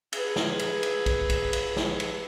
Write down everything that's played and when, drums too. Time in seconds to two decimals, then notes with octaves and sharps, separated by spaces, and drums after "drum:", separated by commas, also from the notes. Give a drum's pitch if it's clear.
0.13 G#4 B4, drum: cymbal
0.36 drum: snare
0.59 drum: cymbal
0.83 drum: cymbal
1.06 drum: kick A#1, cymbal
1.30 drum: kick A#1, cymbal
1.53 drum: cymbal
1.76 drum: snare
2.00 drum: cymbal